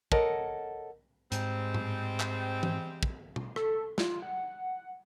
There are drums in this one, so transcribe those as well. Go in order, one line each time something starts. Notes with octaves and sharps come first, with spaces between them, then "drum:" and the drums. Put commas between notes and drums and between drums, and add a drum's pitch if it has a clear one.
A4 A#4 C#5 D#5 F#5 A5, drum: kick
G#2 G3 G#3 C4, drum: hi-hat
drum: tom A2
drum: clap
drum: tom E3
drum: kick
drum: tom B2
A4, drum: rim click
F4, drum: snare
F#5